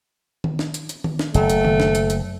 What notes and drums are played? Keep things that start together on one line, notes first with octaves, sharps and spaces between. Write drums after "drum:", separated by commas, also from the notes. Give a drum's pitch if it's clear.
drum: tom D#3
drum: snare
drum: hi-hat
drum: hi-hat
drum: tom D#3
drum: snare
F#1 A3, drum: hi-hat
drum: hi-hat
drum: tom D#3
drum: snare
drum: hi-hat
drum: hi-hat